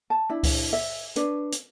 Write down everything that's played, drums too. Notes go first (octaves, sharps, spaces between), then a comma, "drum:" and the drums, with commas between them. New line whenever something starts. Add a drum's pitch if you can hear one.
A5
D4 E4
drum: kick C#2, open hi-hat
E5
D4 B4 C#5, drum: hi-hat
drum: hi-hat